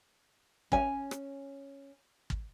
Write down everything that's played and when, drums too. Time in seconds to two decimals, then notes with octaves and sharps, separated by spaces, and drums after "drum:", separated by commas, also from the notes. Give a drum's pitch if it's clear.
0.72 C#4 G#5, drum: kick
1.11 drum: rim click
2.30 drum: kick